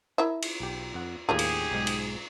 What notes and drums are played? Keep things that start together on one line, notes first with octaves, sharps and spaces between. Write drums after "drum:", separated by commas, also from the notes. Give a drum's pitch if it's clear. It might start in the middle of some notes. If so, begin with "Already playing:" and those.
E4 A#4 E5
drum: cymbal
B1 G4
F2 F#5
D#2 A2 G3 F4 G4 G#4 A#4
drum: cymbal
B1 G#2 G#3
drum: cymbal